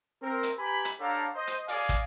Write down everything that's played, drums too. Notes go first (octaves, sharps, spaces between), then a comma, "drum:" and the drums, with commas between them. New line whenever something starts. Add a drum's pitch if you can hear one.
C4 A#4
drum: hi-hat
G4 B4 G#5 A#5 B5
drum: hi-hat
D4 G4 A4 C#5 F5 A#5
C5 D#5
drum: hi-hat
D5 D#5 F5 G#5, drum: open hi-hat
drum: kick, hi-hat